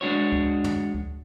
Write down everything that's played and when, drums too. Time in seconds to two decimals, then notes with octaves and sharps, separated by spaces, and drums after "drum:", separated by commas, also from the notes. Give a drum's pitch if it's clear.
0.01 G#3 D4 F#4 C#5
0.32 drum: kick D2
0.64 drum: tom
0.94 drum: kick D2